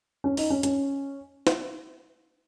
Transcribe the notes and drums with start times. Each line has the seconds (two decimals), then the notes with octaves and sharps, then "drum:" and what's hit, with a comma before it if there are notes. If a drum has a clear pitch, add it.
0.24 C#4
0.37 D#4, drum: open hi-hat
0.50 C#4
0.63 C#4, drum: hi-hat
1.47 drum: snare